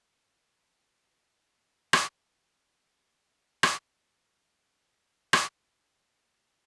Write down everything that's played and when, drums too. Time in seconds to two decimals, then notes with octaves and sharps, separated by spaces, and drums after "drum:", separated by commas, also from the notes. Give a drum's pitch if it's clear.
0.22 F6 G#6 A6 F7 F#7
1.93 drum: rim click
2.29 D5
2.75 C5
3.30 D#5
3.63 drum: rim click
4.20 C5
5.33 drum: rim click
5.51 G6